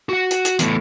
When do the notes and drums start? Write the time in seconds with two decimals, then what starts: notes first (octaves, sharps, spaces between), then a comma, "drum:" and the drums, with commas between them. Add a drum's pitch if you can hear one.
0.09 F#4 F#5
0.31 drum: hi-hat
0.45 drum: hi-hat
0.59 E2 A2, drum: hi-hat